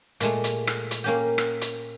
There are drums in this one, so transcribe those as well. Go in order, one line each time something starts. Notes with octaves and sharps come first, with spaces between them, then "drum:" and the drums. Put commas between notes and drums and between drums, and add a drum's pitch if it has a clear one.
A#2 G#3 A3, drum: hi-hat
drum: hi-hat
drum: rim click
drum: hi-hat
A#3 C#4 G4
drum: rim click
drum: hi-hat